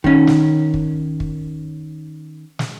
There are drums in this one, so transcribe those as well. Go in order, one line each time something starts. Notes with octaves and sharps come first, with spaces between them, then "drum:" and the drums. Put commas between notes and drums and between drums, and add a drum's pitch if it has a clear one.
D#3 C#4, drum: kick
drum: snare
drum: kick
drum: kick
drum: snare